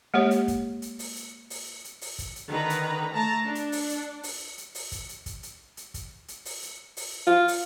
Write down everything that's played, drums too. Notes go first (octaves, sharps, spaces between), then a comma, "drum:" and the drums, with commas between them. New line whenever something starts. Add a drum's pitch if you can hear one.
G#3 A#3 G4 C#5
drum: hi-hat
drum: kick, hi-hat
drum: hi-hat
drum: open hi-hat
drum: hi-hat
drum: open hi-hat
drum: hi-hat
drum: open hi-hat
drum: kick, hi-hat
drum: hi-hat
D3 D#3 B4 A#5
drum: hi-hat
A3 A5 A#5
D4
drum: hi-hat
drum: open hi-hat
drum: hi-hat
drum: open hi-hat
drum: hi-hat
drum: open hi-hat
drum: kick, hi-hat
drum: hi-hat
drum: kick, hi-hat
drum: hi-hat
drum: hi-hat
drum: kick, hi-hat
drum: hi-hat
drum: open hi-hat
drum: hi-hat
drum: open hi-hat
F4
drum: open hi-hat